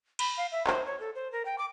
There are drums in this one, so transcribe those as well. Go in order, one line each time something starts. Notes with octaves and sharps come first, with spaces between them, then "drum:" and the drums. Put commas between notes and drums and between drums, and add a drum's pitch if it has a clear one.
B5, drum: cymbal
F5
E5
C5, drum: clap
C#5
A4
C5
A#4
G5
D6